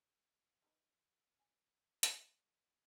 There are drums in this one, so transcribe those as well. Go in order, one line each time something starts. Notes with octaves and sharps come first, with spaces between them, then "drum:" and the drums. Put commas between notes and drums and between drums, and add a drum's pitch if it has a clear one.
D#4 B4 D#5
G#5
D5 A#5, drum: hi-hat